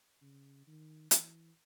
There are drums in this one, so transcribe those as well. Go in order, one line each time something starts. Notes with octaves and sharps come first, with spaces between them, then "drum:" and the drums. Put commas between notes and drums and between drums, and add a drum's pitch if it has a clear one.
C#3
D#3
E3, drum: hi-hat